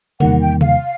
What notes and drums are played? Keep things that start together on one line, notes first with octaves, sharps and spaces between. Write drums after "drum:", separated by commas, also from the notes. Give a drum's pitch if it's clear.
E2 C3 D#3 G3 A#3 F#5, drum: tom C3
G5
F5, drum: tom C3